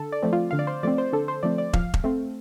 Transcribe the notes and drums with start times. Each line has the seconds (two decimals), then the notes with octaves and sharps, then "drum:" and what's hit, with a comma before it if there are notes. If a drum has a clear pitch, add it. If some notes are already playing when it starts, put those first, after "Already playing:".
Already playing: D3 A4
0.12 D5
0.23 F3 A3 C4
0.33 F4
0.51 D3 F5
0.59 D5
0.67 C5
0.83 F3 A3 C4 D5
0.98 C5
1.13 D3 A4
1.28 C5
1.43 F3 A3 C4 D5
1.58 D5
1.73 F3 F5, drum: kick
1.94 drum: kick
2.04 A3 C4